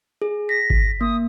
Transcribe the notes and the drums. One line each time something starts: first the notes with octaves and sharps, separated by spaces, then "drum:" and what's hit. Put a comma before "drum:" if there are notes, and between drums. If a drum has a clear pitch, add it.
G#4
A#6 B6
drum: kick G#1
A#3 D#6